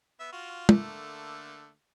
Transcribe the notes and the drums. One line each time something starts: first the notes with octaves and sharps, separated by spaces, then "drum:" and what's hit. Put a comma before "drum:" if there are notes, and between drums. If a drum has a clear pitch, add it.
B3 E5
F4 F#4
D3 A3 A#3, drum: tom